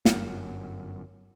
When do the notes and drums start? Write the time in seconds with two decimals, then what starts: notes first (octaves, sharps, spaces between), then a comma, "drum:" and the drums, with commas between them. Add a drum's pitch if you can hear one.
0.05 G1 F#2, drum: snare